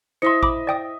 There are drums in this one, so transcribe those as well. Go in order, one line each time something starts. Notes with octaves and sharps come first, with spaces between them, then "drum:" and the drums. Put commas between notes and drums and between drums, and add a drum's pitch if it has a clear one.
E4 C5 D#5 E5 C6 C#7
B5 D6, drum: kick A1
D5 G5 D#6